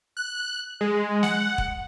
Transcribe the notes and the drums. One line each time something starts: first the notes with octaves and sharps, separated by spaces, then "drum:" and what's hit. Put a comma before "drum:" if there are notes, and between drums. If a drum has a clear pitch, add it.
F#6
G#3
F#5, drum: snare
drum: kick